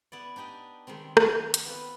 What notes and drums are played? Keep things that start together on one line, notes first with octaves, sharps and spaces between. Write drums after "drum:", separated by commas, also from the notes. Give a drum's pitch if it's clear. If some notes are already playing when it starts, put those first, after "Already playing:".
B3 E4 D5
D4 D#4 G4 D#5
D#3 G3 G#3 C4
A#4 C#5, drum: rim click
drum: hi-hat
B3 C4 F4 B4